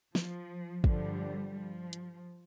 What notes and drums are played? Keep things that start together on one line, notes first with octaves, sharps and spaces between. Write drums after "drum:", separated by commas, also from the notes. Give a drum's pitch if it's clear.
F3, drum: snare
G2 D3 F3 G3, drum: kick G#1
F3
drum: hi-hat